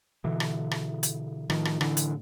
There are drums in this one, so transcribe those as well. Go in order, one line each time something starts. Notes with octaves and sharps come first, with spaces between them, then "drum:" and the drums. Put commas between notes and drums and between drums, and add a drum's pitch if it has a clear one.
B2 D3 E3
drum: rim click
drum: rim click
drum: hi-hat
A2 D#3 F3, drum: rim click
drum: rim click
D3 E3, drum: rim click
drum: hi-hat